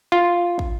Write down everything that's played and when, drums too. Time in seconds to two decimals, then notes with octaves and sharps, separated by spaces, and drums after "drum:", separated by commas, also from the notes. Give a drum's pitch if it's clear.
0.12 F4
0.59 drum: kick